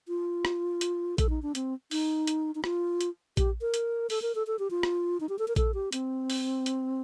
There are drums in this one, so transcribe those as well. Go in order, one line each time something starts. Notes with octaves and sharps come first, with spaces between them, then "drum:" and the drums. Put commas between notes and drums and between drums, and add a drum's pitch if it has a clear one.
F4
drum: rim click
drum: hi-hat
A4, drum: kick A#1, hi-hat
D#4
D4
C4, drum: hi-hat
D#4, drum: open hi-hat
drum: hi-hat
D#4
F4, drum: rim click
drum: hi-hat
G4, drum: kick A#1, hi-hat
A#4
drum: hi-hat
A4, drum: open hi-hat
A#4
A4
A4
G4
F4
drum: rim click
D#4
G4
A4
A#4
A4, drum: kick A#1, hi-hat
G4
C4, drum: hi-hat
drum: open hi-hat
drum: hi-hat